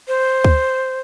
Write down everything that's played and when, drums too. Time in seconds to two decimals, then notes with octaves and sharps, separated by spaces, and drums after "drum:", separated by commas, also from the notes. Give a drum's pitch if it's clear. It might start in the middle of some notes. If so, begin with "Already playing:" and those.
0.08 C5
0.44 drum: kick D2